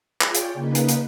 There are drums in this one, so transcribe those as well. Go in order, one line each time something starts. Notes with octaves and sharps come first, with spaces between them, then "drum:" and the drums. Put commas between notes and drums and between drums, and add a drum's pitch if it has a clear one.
F4 G#4 C#5 D5 G5, drum: clap
drum: hi-hat
C#3 A#3 D#4 B4
drum: hi-hat
drum: hi-hat